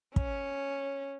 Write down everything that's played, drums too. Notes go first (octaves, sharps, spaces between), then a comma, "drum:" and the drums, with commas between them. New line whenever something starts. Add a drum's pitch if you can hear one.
C#4, drum: kick